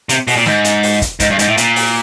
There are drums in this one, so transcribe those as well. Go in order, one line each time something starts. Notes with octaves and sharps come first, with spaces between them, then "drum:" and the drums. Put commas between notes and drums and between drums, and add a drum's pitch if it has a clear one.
C3, drum: hi-hat
B2, drum: open hi-hat
A#2
G#2, drum: snare
drum: hi-hat
drum: open hi-hat
drum: kick, hi-hat
G#2, drum: kick, hi-hat
G2
G#2, drum: hi-hat
A2
A#2, drum: hi-hat
drum: open hi-hat